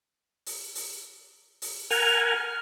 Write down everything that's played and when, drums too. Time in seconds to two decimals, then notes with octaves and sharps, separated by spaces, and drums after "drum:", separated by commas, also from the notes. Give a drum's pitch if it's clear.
0.46 drum: open hi-hat
0.75 drum: open hi-hat
1.62 drum: open hi-hat
1.91 A#4 F#5 G#5 F7, drum: open hi-hat
2.33 F6